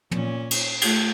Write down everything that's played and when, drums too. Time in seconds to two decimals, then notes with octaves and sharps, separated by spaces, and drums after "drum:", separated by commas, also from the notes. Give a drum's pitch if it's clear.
0.11 A#2 C#4, drum: tom
0.51 drum: cymbal
0.81 A3 F4, drum: cymbal